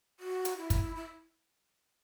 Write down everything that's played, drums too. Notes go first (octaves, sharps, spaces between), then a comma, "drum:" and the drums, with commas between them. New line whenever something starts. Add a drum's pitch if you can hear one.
F#4
drum: hi-hat
E4
drum: kick, hi-hat
E4